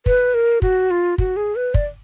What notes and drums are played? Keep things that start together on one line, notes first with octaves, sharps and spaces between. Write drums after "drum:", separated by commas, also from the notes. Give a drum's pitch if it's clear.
B4, drum: kick
A#4
F#4, drum: kick
F4
F#4, drum: kick
G#4
B4
D5, drum: kick